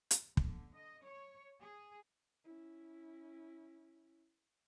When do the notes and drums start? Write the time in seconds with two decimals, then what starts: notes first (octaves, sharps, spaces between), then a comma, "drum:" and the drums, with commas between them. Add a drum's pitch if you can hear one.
0.11 drum: hi-hat
0.37 D3, drum: kick
0.75 D#5
1.05 C#5
1.60 G#4
2.44 C#4 E4